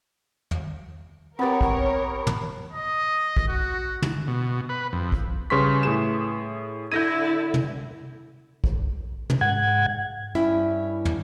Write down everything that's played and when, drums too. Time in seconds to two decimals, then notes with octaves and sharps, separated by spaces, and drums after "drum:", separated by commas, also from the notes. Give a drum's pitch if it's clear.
0.51 drum: tom
1.39 B3 C4 G4 A#4 B4 C#5
1.61 drum: kick
2.27 drum: tom
2.72 D#5
3.37 drum: kick
3.49 F#4
4.02 drum: tom
4.28 B2
4.69 B4
4.93 F2
5.12 drum: kick
5.50 C#3 G3 B4 C6 C#6 B6
5.83 A2 G#4 E7
6.92 D3 E4 G6 G#6 A#6 D#7
7.54 drum: tom
8.64 drum: kick
9.30 drum: tom
9.41 G#2 F#5 G#6
10.35 G2 C#4 E4 E5
11.05 drum: tom